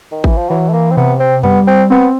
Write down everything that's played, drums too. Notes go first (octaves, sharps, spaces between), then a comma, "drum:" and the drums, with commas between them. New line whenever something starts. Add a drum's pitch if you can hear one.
D#3
E3, drum: kick
F3
E3 F#3
A3
A#3
C4
C3 B3
C4
G3 B3, drum: tom F2
C4
B3 C4